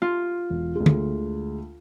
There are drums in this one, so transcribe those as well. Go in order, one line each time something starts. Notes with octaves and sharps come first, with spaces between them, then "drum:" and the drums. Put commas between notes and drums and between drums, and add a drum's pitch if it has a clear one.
F4 C6
E1
D2 G#3
drum: tom D3